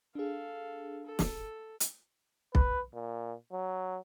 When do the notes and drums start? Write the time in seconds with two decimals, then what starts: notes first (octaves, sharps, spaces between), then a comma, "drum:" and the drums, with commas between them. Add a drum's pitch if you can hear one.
0.15 D4 G#4 A4 F5
1.06 A4
1.19 drum: snare
1.80 drum: hi-hat
2.55 B4, drum: kick B1
2.94 A#2
3.53 F#3